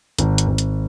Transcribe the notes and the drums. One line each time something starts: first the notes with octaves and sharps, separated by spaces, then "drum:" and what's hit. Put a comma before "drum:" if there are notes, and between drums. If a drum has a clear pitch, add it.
G#1, drum: hi-hat
drum: hi-hat
G#1
drum: hi-hat